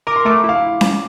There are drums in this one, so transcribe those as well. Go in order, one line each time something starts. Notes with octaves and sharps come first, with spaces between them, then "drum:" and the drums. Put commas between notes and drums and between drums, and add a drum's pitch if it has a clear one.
A#4 D6
C6
A3 D6
E4
F5
drum: snare C#4